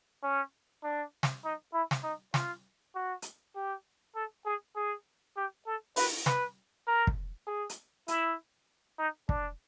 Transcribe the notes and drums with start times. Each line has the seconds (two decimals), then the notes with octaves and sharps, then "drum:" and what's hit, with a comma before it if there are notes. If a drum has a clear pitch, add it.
0.23 C#4
0.84 D4
1.23 drum: snare
1.44 D#4
1.73 E4
1.91 drum: snare
2.03 D#4
2.34 F4, drum: snare
2.95 F#4
3.22 drum: hi-hat
3.56 G4
4.15 A4
4.45 G#4
4.76 G#4
5.37 G4
5.66 A4
5.96 B4, drum: open hi-hat
6.26 B4, drum: snare
6.87 A#4
7.07 drum: kick
7.47 G#4
7.69 drum: hi-hat
8.08 E4, drum: hi-hat
8.98 D#4
9.29 D4, drum: kick